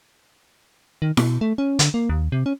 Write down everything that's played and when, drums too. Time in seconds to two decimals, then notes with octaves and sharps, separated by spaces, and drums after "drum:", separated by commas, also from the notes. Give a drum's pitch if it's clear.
1.02 D#3
1.17 B2, drum: snare E4
1.41 A3
1.58 C#4
1.79 D3, drum: hi-hat
1.94 A#3
2.09 D#2
2.32 C3
2.46 C#4